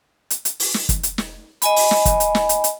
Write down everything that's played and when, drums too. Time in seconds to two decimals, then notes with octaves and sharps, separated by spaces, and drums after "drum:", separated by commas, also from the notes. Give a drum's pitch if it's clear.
0.30 drum: hi-hat
0.45 drum: hi-hat
0.60 drum: open hi-hat
0.74 drum: snare
0.89 drum: kick, hi-hat
1.03 drum: hi-hat
1.18 drum: snare
1.62 D#5 G#5 B5, drum: hi-hat
1.76 drum: open hi-hat
1.91 drum: snare
2.05 drum: kick, hi-hat
2.20 drum: hi-hat
2.35 drum: snare
2.49 drum: hi-hat
2.64 drum: hi-hat